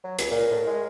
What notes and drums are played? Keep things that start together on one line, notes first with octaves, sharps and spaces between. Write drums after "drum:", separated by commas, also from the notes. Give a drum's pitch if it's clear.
F#3
C#2, drum: hi-hat
A#2 A#4
A2
G#3